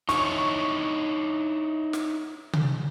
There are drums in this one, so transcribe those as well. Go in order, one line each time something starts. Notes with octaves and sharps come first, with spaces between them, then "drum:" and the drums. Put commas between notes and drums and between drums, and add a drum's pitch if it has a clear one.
D#4 E4 C#5 C#6, drum: snare
drum: snare
drum: tom C3